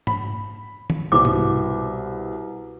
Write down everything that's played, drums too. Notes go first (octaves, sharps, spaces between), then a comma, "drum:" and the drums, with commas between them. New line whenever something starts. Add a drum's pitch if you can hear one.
B5, drum: tom G#2
drum: tom D#3
C2 B2 D6
drum: tom G#2